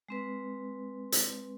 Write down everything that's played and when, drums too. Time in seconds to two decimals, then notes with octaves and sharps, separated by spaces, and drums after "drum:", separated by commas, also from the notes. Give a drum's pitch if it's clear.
0.09 G#3 C4 B4
1.12 drum: hi-hat